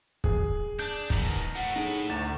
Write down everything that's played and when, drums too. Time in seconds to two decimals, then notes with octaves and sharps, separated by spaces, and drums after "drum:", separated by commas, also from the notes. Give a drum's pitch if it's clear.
0.24 G#4, drum: kick
0.79 D4 G6
1.10 B2 D#3 A#5, drum: kick
1.55 A2 F#5
1.76 D#4 G#4 C#5
2.09 D2 D3 A#5 C#6 A6 E7